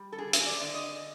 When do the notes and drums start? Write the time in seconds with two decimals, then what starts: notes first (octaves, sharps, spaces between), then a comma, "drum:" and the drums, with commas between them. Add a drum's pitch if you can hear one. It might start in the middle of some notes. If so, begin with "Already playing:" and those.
Already playing: G3
0.12 A4
0.18 D3 G#4
0.33 drum: hi-hat
0.47 D5
0.60 D3
0.74 D#5